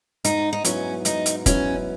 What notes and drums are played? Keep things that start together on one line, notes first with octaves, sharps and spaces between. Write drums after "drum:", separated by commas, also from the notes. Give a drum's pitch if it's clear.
G#2 D#4, drum: hi-hat
D#4
F#3 B3 C#4 E4, drum: hi-hat
G#2 D#4, drum: hi-hat
drum: hi-hat
F#3 B3 C#4 E4, drum: kick F1, hi-hat